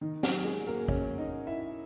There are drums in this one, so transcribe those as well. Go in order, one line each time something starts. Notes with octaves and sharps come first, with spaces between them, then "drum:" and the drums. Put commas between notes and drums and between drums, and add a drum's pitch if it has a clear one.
D#3 D#4
F#3 F#4, drum: snare
G#3 G#4
A#3 A#4
C#4 C#5, drum: kick
D#4 D#5
E4 E5